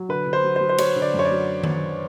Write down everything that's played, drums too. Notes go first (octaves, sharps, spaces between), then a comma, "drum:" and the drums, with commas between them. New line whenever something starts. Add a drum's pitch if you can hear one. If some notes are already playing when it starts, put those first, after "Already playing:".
Already playing: F#3
D3 B4
D3
C5
F#3
C5
F#3
C5
F#3 C#5, drum: cymbal
D3
D5
F#2
C#5
D5
F#3
drum: tom D#3